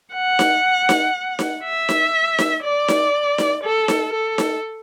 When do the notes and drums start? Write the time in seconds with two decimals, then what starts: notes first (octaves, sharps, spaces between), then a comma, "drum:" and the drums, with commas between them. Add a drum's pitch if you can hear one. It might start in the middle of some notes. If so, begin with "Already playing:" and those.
0.14 F#5
0.39 drum: snare D#4
0.89 drum: snare D#4
1.39 drum: snare D#4
1.64 E5
1.89 drum: snare D#4
2.38 drum: snare D#4
2.63 D5
2.88 drum: snare D#4
3.38 drum: snare D#4
3.64 A4
3.88 drum: snare D#4
4.13 A4
4.38 drum: snare D#4